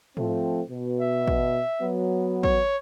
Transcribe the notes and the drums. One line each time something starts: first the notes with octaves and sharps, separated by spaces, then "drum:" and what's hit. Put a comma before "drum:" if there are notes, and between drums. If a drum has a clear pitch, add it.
F3 A3 C4, drum: tom G#2
B2
E5
drum: kick
F#3 B3
C#5, drum: kick